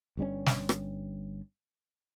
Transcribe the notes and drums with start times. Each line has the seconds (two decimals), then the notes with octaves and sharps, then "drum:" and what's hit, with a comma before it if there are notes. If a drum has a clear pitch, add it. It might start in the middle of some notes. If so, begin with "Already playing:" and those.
0.17 G1 G2 G3 C#4
0.46 drum: snare
0.69 drum: rim click